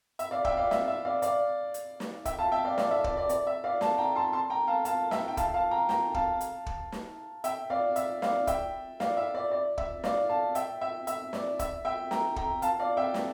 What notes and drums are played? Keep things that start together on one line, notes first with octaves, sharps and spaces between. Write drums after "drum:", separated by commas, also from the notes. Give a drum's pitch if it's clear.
E5, drum: hi-hat
D5 F5
E5 G5, drum: kick
D5 F5
E5, drum: snare
E5
D5 F5
D5 F5, drum: hi-hat
drum: hi-hat
drum: snare
E5 G5, drum: kick, hi-hat
F5 A5
E5 G5
D5 F5
D5 F5, drum: snare
E5
D5, drum: kick
D5
D5, drum: hi-hat
E5
D5 F5
F5 A5, drum: snare
G5 A#5
A5 C6
A5 C6
G5 A#5
F5 A5
F5 A5, drum: hi-hat
E5 G5, drum: snare
G5
F5 A5, drum: kick, hi-hat
F5 A5
G5 A#5
G5 A#5, drum: snare
F5 A5, drum: kick
drum: hi-hat
drum: kick
drum: snare
E5 G5, drum: hi-hat
D5 F5
E5, drum: hi-hat
D5 F5, drum: snare
E5 G5, drum: kick, hi-hat
D5 F5, drum: snare
E5
D5
D5
E5, drum: kick
D5 F5, drum: snare
F5 A5
E5 G5, drum: hi-hat
E5 G5
E5, drum: hi-hat
D5, drum: snare
E5, drum: kick, hi-hat
E5 G5
G5 A#5, drum: snare
G5 A#5, drum: kick
F5 A5, drum: hi-hat
D5 F5
E5 G5
drum: snare